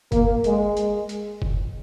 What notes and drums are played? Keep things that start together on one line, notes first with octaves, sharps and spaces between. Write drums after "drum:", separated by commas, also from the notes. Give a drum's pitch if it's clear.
A#3, drum: kick, hi-hat
G#3, drum: hi-hat
drum: hi-hat
drum: hi-hat
drum: kick